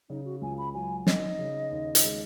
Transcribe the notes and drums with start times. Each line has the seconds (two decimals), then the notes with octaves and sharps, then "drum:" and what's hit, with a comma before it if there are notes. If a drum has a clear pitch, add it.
0.10 C#3 D#4
0.25 F#4
0.42 C#2 G#5
0.58 B5
0.74 F#3 G#5
1.07 D#4 D#5, drum: snare
1.39 C#3
1.71 D#2
1.95 drum: hi-hat
2.04 G#3